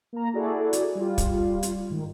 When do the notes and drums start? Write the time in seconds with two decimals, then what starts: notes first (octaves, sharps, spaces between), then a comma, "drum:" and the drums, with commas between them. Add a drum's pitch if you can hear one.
0.13 A#3 A#5
0.33 E4 F#4 G#4 A4 D5
0.73 drum: hi-hat
0.95 G3 F4
1.18 drum: kick, hi-hat
1.63 drum: hi-hat
1.90 G#2 D#3